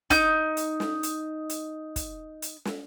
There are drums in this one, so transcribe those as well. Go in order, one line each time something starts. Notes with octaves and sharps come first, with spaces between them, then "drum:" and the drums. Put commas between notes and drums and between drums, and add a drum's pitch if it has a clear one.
D#4 G6, drum: kick, hi-hat
drum: hi-hat
drum: snare
drum: hi-hat
drum: hi-hat
drum: kick, hi-hat
drum: hi-hat
drum: snare